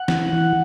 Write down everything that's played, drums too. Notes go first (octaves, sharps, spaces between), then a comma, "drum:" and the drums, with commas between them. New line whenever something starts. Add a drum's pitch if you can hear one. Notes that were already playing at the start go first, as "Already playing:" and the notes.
Already playing: F#5
E3, drum: snare
E3